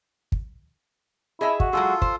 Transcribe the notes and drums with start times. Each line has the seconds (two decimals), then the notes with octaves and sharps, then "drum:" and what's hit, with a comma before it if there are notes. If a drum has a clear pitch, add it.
0.32 drum: kick
1.41 E4 G#4 D#5 E5
1.60 F#4, drum: kick
1.73 F#3 G#3 F4 G#4 A4
2.02 C5, drum: kick